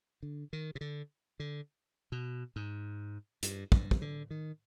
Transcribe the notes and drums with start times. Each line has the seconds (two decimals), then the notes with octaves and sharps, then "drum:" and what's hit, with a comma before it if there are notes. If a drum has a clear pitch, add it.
0.23 D3
0.53 D#3
0.75 C3
0.81 D3
1.40 D3
2.12 B2
2.56 G#2
3.43 G2, drum: hi-hat
3.72 G2, drum: kick
3.91 drum: kick
4.02 D3
4.31 D#3